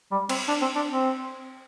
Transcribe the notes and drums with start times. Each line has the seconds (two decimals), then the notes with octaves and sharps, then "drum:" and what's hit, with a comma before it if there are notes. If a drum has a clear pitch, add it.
0.11 G3
0.29 C4, drum: cymbal
0.48 D4
0.61 C4
0.76 D4
0.89 C4